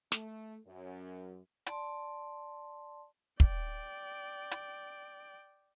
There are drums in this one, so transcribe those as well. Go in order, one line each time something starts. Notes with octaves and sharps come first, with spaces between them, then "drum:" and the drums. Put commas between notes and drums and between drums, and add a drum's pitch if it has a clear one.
A3, drum: snare
F#2
D5 A5 C6, drum: hi-hat
D5 G5, drum: kick
drum: hi-hat